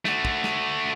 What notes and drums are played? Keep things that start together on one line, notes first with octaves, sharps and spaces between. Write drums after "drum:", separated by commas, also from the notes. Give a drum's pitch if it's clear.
A3 F#4, drum: snare
drum: kick
drum: snare